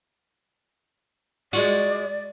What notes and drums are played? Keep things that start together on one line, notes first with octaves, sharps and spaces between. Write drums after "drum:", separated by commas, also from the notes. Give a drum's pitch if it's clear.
G#3 F4 F#4 D5, drum: cymbal